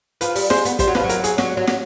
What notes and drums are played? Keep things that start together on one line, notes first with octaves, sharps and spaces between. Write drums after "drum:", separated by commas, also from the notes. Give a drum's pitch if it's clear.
F3 B4, drum: hi-hat
G3, drum: open hi-hat
G#3 C5, drum: snare
B3, drum: hi-hat
G3 C5, drum: kick, hi-hat
F#3
F3 B4, drum: snare
F#3
A#4, drum: hi-hat
G#4, drum: hi-hat
F#3, drum: snare
F#3
drum: snare